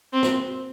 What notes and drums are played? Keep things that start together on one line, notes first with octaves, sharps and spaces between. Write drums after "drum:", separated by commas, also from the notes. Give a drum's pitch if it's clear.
C4
drum: snare